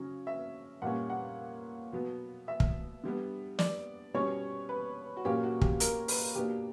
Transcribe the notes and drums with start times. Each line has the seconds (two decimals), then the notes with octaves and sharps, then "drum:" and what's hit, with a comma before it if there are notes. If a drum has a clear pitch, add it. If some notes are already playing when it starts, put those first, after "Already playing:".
Already playing: C#3 F#3 C#4
0.27 E5
0.82 A#2 G3 C#4 F#5
1.10 F#5
1.92 B2 F#3 B3
2.48 E5
2.60 drum: kick
3.04 D3 G3 B3
3.59 D5, drum: snare
4.14 B2 G3 C#4 C#5
4.69 B4
5.17 F#4
5.25 A#2 F#3 A#3 C#4 G4
5.43 F#4
5.62 G4, drum: kick
5.80 A#4, drum: hi-hat
6.08 B4, drum: open hi-hat
6.35 B2 A#3 D4 G4